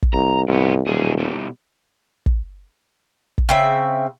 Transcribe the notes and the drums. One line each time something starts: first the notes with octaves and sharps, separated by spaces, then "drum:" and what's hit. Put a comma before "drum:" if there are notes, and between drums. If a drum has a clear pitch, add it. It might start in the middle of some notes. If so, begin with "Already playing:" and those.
drum: kick
C2 A#5
C2 G#2 B3
D#1 B1 G#4
B2 G3
drum: kick
drum: kick
C#3 C4 E5